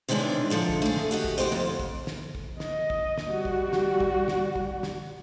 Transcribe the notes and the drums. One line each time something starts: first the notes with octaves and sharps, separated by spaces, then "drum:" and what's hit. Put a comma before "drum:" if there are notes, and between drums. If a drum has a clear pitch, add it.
C3 D#3 E3 G#3 C#4 D4
G#2 D3 F3 E5
drum: kick
A3 G#4
drum: snare
F#4 G4 D#5
drum: kick
E4 F#4 G4 B4 C5 D#5
F2, drum: snare
drum: kick
drum: snare
drum: kick
D#5, drum: snare
drum: kick
drum: snare
G3 F#4
drum: kick
drum: snare
drum: kick
drum: snare
drum: kick
drum: snare